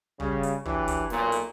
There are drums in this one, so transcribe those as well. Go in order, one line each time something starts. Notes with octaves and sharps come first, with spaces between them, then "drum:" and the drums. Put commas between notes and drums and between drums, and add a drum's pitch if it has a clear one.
C#3 G3, drum: kick
drum: hi-hat
E3 F#3 D4 G4, drum: kick
drum: kick, hi-hat
B1 A#2, drum: snare
drum: hi-hat